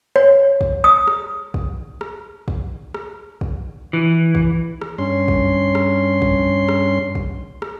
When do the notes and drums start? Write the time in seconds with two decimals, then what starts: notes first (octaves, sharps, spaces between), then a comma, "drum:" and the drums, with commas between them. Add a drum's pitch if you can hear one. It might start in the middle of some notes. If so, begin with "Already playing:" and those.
0.16 C#5
0.61 drum: kick
0.84 D#6
1.07 drum: rim click
1.54 drum: kick
2.01 drum: rim click
2.48 drum: kick
2.94 drum: rim click
3.41 drum: kick
3.93 E3
4.35 drum: kick
4.81 drum: rim click
4.98 G2 C#4 C6
5.28 drum: kick
5.75 drum: rim click
6.22 drum: kick
6.69 drum: rim click
7.15 drum: kick
7.62 drum: rim click